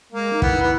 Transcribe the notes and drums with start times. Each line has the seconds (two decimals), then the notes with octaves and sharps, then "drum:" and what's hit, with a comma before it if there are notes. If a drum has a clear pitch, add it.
0.12 G#3 A#3
0.33 D#4
0.42 B3 E4, drum: kick
0.62 B3